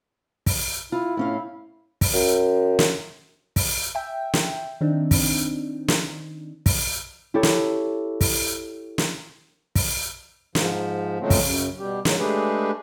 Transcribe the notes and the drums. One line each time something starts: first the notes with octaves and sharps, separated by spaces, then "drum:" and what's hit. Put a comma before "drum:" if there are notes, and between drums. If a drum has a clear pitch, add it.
drum: kick, open hi-hat
E4 F4
A2 C#4 F5
drum: kick, open hi-hat
F#2
drum: snare
drum: kick, open hi-hat
E5 G5
drum: snare
D#3 C4 D4 D#4
drum: kick, open hi-hat
drum: snare
drum: kick, open hi-hat
E4 G4 A4 C#5
drum: snare
drum: kick, open hi-hat
drum: snare
drum: kick, open hi-hat
G#2 F3, drum: snare
C#3 F3 F#3 G#3 A3 C4
drum: kick, open hi-hat
F#2 C#3
B2 G3 G4
G#2 F#3 G#3, drum: snare
G#3 A3 D4 G4 G#4 B4